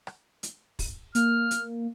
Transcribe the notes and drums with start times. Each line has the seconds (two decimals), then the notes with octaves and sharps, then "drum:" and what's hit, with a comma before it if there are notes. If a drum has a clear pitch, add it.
0.07 drum: rim click
0.43 drum: hi-hat
0.79 drum: kick, open hi-hat
1.15 A#3 F6, drum: hi-hat
1.51 drum: hi-hat